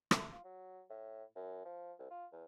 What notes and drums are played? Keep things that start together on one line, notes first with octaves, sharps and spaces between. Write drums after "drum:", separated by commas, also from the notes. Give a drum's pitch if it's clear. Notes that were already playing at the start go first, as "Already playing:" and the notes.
A3, drum: rim click
F4
F#3
A2
F#2
F3
C2
F4
E2